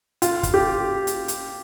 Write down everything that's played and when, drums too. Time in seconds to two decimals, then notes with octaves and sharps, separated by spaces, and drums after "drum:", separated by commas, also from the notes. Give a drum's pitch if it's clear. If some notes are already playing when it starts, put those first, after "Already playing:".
0.22 F4, drum: hi-hat
0.43 drum: kick, hi-hat
0.54 G4
1.07 drum: hi-hat
1.28 drum: hi-hat